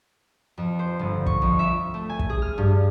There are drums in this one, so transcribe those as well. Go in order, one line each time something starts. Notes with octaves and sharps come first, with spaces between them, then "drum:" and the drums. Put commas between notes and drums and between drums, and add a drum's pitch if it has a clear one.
F2
C5
G1
C#6, drum: kick
F2
E5
A3
G#5
drum: kick
G#4
F6
G2